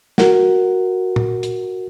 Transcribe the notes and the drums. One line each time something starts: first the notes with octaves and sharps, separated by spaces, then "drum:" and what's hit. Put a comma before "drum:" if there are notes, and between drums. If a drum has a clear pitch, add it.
F#4 A#4 F#5, drum: snare
drum: tom
drum: hi-hat